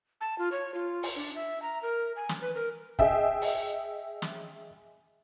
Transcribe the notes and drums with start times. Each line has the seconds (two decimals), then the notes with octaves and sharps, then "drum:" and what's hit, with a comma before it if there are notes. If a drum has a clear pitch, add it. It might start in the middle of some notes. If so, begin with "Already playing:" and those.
0.21 A5
0.38 F4
0.52 C#5
0.75 F4
1.03 drum: open hi-hat
1.16 D4
1.35 E5
1.62 A#5
1.83 A#4
2.16 G#5
2.29 drum: snare
2.41 B4
2.55 A#4
2.99 G#4 D#5 E5 G5, drum: kick
3.41 drum: open hi-hat
4.22 drum: snare